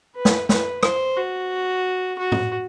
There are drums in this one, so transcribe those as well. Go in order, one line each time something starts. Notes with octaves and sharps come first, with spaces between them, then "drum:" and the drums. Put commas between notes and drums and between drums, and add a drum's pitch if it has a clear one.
B4
drum: snare
B4, drum: snare
C5, drum: rim click
F#4
F#4
drum: tom